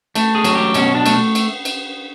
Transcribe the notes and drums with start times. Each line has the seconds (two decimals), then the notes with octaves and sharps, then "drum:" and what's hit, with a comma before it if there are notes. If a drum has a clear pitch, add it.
0.15 A3, drum: cymbal
0.35 G#4
0.44 F#3, drum: cymbal
0.55 G4
0.74 B2 C#4, drum: cymbal
0.95 D4
1.06 A3, drum: cymbal
1.35 drum: cymbal
1.65 drum: cymbal